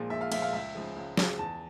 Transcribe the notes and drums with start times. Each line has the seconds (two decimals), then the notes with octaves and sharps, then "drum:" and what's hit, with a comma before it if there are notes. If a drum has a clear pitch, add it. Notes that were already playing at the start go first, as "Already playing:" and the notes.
Already playing: A#1 A#2 F3 G#3
0.10 A#1 E5
0.21 F5
0.32 A#2 F3 G#3 E5, drum: cymbal
0.42 F5
0.53 C#2 E5
0.75 C#3 F3 G#3
0.96 C#2
1.17 C#3 F3 G#3, drum: snare
1.39 E2 A5